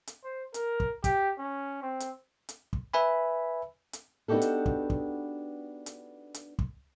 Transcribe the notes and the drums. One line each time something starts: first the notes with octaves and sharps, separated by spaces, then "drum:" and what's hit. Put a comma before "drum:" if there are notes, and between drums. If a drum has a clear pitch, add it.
drum: hi-hat
C5
A#4, drum: hi-hat
drum: kick
G4, drum: kick, hi-hat
C#4
C4
drum: hi-hat
drum: hi-hat
drum: kick
B4 E5 G#5 B5
drum: hi-hat
B3 D4 D#4 F#4 G4 A4
drum: hi-hat
drum: kick
drum: kick
drum: hi-hat
drum: hi-hat
drum: kick